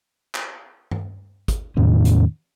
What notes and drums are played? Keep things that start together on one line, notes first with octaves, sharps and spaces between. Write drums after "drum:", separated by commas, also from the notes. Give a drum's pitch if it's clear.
drum: clap
drum: tom G2
drum: kick, hi-hat
E2 A2 D#3 C#4
drum: hi-hat